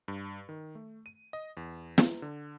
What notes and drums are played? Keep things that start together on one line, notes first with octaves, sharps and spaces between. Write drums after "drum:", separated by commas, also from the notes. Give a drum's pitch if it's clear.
G2
D#3
A3
D#7
D#5
E2
drum: snare
D3